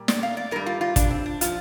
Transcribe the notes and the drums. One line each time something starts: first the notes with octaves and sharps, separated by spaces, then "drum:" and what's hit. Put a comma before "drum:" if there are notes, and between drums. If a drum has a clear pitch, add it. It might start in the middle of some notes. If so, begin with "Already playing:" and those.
Already playing: A#2 G3
D5, drum: snare
F5
D5
G2 G3 A#4
F4
F4
D4, drum: kick, hi-hat
C4
D4
F3 F4, drum: hi-hat